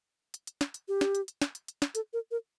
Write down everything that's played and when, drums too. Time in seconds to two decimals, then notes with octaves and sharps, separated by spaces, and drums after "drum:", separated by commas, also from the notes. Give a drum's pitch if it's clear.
0.34 drum: hi-hat
0.47 drum: hi-hat
0.61 drum: snare
0.74 drum: hi-hat
0.88 G4
1.01 drum: snare
1.15 drum: hi-hat
1.28 drum: hi-hat
1.42 drum: snare
1.55 drum: hi-hat
1.68 drum: hi-hat
1.82 drum: snare
1.95 A4, drum: hi-hat
2.13 A#4
2.31 A#4